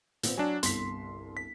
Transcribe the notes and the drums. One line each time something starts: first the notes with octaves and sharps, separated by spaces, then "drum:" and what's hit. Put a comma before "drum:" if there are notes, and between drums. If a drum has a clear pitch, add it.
A#2 B3 C4, drum: hi-hat
F#3 D4 G#5 E7
G1 C2 C6 B6, drum: hi-hat
B6